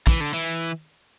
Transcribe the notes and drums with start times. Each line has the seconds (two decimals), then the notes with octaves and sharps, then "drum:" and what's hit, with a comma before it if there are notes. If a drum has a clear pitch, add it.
0.07 E3, drum: kick
0.21 D3
0.34 E3